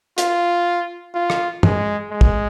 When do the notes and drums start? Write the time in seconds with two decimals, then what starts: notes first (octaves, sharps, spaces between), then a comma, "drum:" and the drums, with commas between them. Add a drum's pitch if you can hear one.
0.18 F4, drum: hi-hat
1.15 F4
1.30 drum: rim click
1.63 G#3, drum: tom
2.11 G#3
2.21 drum: kick